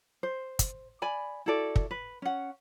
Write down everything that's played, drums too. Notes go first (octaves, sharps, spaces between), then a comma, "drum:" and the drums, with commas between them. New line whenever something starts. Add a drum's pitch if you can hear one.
C5
drum: kick, hi-hat
D5 G#5 B5
E4 F#4 A4 D5
drum: kick
B4
C#4 F#5